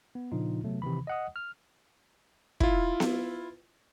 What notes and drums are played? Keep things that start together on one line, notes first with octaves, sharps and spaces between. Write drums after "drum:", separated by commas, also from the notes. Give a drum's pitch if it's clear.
B3
A#2 C#3 F3 D4 D#4 F4
C3 F#3 A3 B3
C3 D#3 E3 B5
D#5 F#5 D#6
F6
E4 F4, drum: kick
drum: snare B3